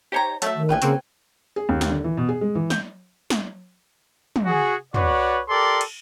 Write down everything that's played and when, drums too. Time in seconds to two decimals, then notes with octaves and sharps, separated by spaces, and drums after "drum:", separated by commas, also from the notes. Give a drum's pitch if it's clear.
0.12 D#4 G4 C5 C#5 G#5 A#5
0.42 F#3 A3 E5 A5, drum: hi-hat
0.56 D#3
0.69 A#1 A2 B4 G5 G#5
0.82 C#3 A#3 C4 F#4, drum: hi-hat
1.56 G#4
1.69 D#2
1.81 drum: snare
1.90 D3
2.04 E3
2.17 B2
2.29 G#4
2.41 G#3
2.55 E3
2.70 G6, drum: snare
3.30 drum: snare
4.36 drum: tom
4.46 F#4 G#4
4.94 F#4 B4 C#5 D5, drum: tom
5.49 G4 A4 A#4 D5 C6
5.81 drum: cymbal